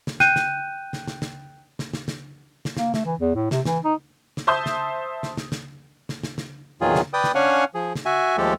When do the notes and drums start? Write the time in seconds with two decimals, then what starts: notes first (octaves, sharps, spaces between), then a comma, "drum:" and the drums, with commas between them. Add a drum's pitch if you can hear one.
0.07 drum: snare
0.20 G5 F#6 G6 D#7, drum: snare
0.36 drum: snare
0.93 drum: snare
1.08 drum: snare
1.22 drum: snare
1.79 drum: snare
1.94 drum: snare
2.08 drum: snare
2.65 drum: snare
2.77 A#3, drum: snare
2.94 A3, drum: snare
3.05 E3
3.20 E2
3.35 A2
3.51 C3, drum: snare
3.65 E3, drum: snare
3.84 D#4
4.37 drum: snare
4.47 C5 E5 A5 C6 D#6 G6
4.66 drum: snare
5.23 drum: snare
5.37 drum: snare
5.52 drum: snare
6.09 drum: snare
6.23 drum: snare
6.38 drum: snare
6.81 E2 A#2 D#3 F#3 F4 G#4
6.95 drum: snare
7.13 B4 D5 G5 D#6
7.24 drum: snare
7.35 C#4 D4 C#5 F5 F#5 G#5
7.74 F3 G#4
7.95 drum: snare
8.05 F#4 E5 G#5
8.38 D#2 F3 G#3 A3 G4 A4